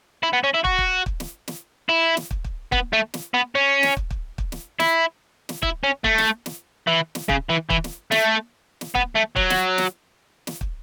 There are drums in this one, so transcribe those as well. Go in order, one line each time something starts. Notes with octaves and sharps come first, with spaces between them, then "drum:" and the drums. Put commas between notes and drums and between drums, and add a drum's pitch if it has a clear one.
E4
B3
C#4
E4
F#4, drum: kick
drum: kick
drum: kick
drum: snare
drum: snare
E4
drum: snare
drum: kick
drum: kick
B3, drum: kick
A3
drum: snare
B3
C#4
drum: snare
drum: kick
drum: kick
drum: kick
drum: snare
E4, drum: snare
drum: snare
E4, drum: kick
C#4
A3, drum: kick
drum: snare
drum: snare
E3
drum: snare
C#3, drum: kick
E3
E3, drum: kick
drum: snare
A3, drum: snare
drum: snare
B3, drum: kick
A3
F#3, drum: kick
drum: snare
drum: snare
drum: snare
drum: kick